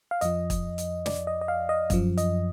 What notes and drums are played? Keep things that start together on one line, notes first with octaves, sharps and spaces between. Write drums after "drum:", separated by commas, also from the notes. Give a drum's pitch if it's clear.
F5
F2 F3 D#5, drum: hi-hat
drum: kick, hi-hat
drum: hi-hat
D5, drum: snare
D#5
D#5
F5
D#5
F#2 F3, drum: kick, hi-hat
D#5, drum: hi-hat